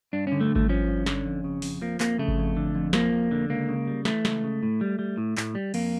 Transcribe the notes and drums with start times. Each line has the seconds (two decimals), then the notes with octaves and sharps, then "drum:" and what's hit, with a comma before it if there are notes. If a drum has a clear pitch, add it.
0.13 G2 D4
0.27 D3 C#4
0.41 A3
0.50 G2
0.56 A3, drum: kick G#1
0.69 F3 C#4
0.87 G2
1.06 D3, drum: snare
1.26 F2
1.44 C#3
1.62 F2, drum: open hi-hat
1.82 F3 A#3
2.00 F2 A#3, drum: clap
2.18 C#3 A3
2.28 drum: kick G#1
2.37 F2
2.57 D3
2.75 F2
2.93 F3 A#3, drum: snare
3.13 F2
3.31 D3
3.50 C#2 A#3
3.68 C#3
3.87 G3
4.05 E3 A3, drum: snare
4.25 C#2, drum: snare
4.44 C#3
4.63 A2
4.81 G3
4.99 G3
5.18 A2
5.37 A2, drum: clap
5.55 G3
5.74 F2 A#3, drum: cymbal